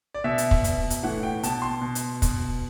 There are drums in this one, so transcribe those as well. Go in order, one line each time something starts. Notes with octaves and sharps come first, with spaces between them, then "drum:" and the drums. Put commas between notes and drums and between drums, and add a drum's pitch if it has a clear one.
D5
B2 E5
drum: hi-hat
drum: kick
B2, drum: hi-hat
drum: hi-hat
A2 E3 F#5
G5
B2 A5, drum: hi-hat
C6
B2
drum: hi-hat
B2, drum: kick, hi-hat